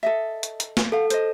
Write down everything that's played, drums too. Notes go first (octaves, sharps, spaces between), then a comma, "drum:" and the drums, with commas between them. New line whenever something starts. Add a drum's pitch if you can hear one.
A4 D#5 E5
drum: hi-hat
drum: hi-hat
drum: snare
A4 F5 F#5
C5 D#5, drum: hi-hat